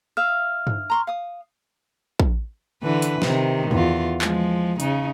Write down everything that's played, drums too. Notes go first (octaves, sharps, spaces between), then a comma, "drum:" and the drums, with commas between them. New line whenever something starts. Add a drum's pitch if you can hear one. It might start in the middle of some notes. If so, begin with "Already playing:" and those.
E5 F5 F6
drum: tom G2
A#5 C6 C#6
F5 D#6
drum: kick
D3 E3 B4
drum: hi-hat
C3 D#3, drum: snare
E2 F4, drum: tom F#2
F3 G#3, drum: clap
C#3 D#4, drum: hi-hat